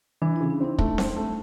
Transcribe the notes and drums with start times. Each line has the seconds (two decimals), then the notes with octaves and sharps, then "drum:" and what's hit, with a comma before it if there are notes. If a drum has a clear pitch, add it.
0.22 E3 D4
0.36 C#3 E4
0.50 D4
0.60 C4 D#4
0.78 A3, drum: kick
0.98 C4, drum: snare C4
1.16 A3